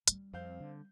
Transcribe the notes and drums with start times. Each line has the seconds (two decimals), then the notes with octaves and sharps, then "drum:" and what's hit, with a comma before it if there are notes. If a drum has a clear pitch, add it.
0.08 G3 C#4, drum: hi-hat
0.33 F2 C4 F5 G6
0.60 D3